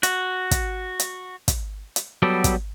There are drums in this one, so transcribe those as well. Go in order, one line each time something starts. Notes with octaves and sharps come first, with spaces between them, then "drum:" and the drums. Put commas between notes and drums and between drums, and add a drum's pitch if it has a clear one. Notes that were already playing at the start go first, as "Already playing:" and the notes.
F#4, drum: hi-hat
drum: kick, hi-hat
drum: hi-hat
drum: kick, hi-hat
drum: hi-hat
F#3 G3 B3 A4 D5
drum: kick, hi-hat